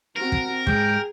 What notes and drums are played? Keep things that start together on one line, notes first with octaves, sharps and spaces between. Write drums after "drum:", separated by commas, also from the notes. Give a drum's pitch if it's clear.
C4 F#4 A#4
drum: kick
G#2 G#4 G5, drum: kick